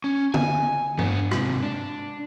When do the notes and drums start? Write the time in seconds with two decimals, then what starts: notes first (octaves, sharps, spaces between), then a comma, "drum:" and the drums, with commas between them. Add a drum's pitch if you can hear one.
0.04 C#4
0.34 G#5, drum: tom
0.99 B3 D4, drum: tom G2
1.31 G#2 C3, drum: rim click
1.63 D4